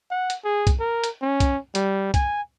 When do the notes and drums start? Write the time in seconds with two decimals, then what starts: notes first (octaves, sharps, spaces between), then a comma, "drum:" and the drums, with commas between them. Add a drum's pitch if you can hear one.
0.11 F#5
0.30 drum: hi-hat
0.45 G#4
0.67 drum: kick B1, hi-hat
0.80 A#4
1.04 drum: hi-hat
1.22 C#4
1.40 drum: kick B1, hi-hat
1.75 G3, drum: hi-hat
2.14 G#5, drum: kick B1, hi-hat